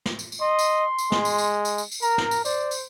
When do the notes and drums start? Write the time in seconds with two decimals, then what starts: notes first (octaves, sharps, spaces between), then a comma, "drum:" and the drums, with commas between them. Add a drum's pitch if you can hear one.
0.06 drum: snare
0.19 drum: tambourine
0.32 drum: tambourine
0.41 D#5 C6
0.59 drum: tambourine
0.98 drum: tambourine
1.12 G#3, drum: snare
1.25 drum: tambourine
1.38 drum: tambourine
1.65 drum: tambourine
1.78 drum: tambourine
1.91 drum: tambourine
2.02 A#4 A#5, drum: tambourine
2.18 drum: snare
2.31 drum: tambourine
2.45 C5 D5, drum: tambourine
2.71 drum: tambourine